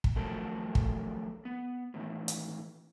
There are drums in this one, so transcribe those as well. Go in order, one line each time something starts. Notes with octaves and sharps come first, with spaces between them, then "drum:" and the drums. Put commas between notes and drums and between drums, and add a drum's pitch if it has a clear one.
drum: kick
D#3 F3 F#3 A3 A4 A#4
drum: kick
B3
A2 D#3 E3
drum: hi-hat